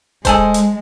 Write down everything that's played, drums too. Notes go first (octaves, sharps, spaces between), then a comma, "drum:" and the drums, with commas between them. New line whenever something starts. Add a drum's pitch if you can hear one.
G#3 G#4 A4 C5, drum: kick D#1, hi-hat
drum: hi-hat